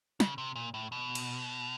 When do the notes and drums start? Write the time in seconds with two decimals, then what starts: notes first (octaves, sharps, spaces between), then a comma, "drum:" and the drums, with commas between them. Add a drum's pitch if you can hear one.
0.20 C#3, drum: snare
0.38 C3
0.55 A#2
0.74 A2
0.92 B2
1.15 drum: cymbal